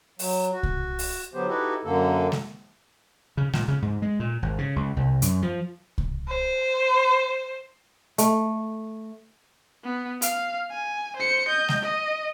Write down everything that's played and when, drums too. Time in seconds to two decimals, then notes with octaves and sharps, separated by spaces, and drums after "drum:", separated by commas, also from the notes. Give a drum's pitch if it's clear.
0.19 F#3, drum: open hi-hat
0.52 F#4
0.63 drum: kick C2
0.99 drum: open hi-hat
1.34 D3 F#3 B3 G4 C5
1.48 D#4 E4 F#4 G4 A4 B4
1.85 F#2 D3 A#3 A4
2.32 drum: snare G#3
3.37 C#3
3.54 A#2, drum: snare G#3
3.68 C#3
3.82 G#2
4.02 G#3
4.20 A#2
4.42 G#1
4.58 C#3
4.76 C#2
4.97 C2
5.22 F#2, drum: hi-hat
5.42 F3
5.98 drum: kick C2
6.28 C5
8.18 A3, drum: hi-hat
9.84 B3
10.22 F5, drum: hi-hat
10.71 G#5
11.16 C5 C#7
11.48 D#5 G6
11.69 drum: snare G#3
11.83 D#5